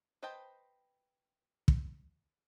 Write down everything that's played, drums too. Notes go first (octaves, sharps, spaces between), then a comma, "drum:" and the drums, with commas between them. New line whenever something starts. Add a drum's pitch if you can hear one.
B4 C5 D#5 G5 A5
drum: kick